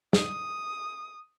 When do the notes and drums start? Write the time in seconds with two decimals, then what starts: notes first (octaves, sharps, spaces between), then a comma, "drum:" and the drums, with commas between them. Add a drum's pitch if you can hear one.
0.13 D#6, drum: snare